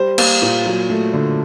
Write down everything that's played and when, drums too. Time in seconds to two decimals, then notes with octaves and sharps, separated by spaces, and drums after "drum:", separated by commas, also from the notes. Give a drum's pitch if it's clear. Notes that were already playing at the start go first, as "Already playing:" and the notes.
Already playing: G3 C5
0.18 A#3, drum: cymbal
0.42 A#2
0.66 F#3
0.90 A3
1.14 D3